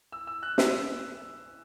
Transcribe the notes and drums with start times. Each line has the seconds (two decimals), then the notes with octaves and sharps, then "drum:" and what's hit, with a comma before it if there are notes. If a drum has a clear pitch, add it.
0.12 E6
0.27 E6
0.43 F#6
0.58 E6, drum: snare